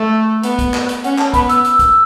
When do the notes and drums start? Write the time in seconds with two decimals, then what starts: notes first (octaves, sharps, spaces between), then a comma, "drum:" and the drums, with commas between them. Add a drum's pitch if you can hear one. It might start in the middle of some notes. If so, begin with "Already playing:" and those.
Already playing: A3
0.43 B3, drum: hi-hat
0.59 drum: kick, hi-hat
0.74 drum: clap
0.89 drum: hi-hat
1.04 C#4 F#5, drum: hi-hat
1.18 A5, drum: clap
1.34 B3 B5, drum: kick, hi-hat
1.49 E6, drum: hi-hat
1.64 E6, drum: hi-hat
1.79 drum: kick, hi-hat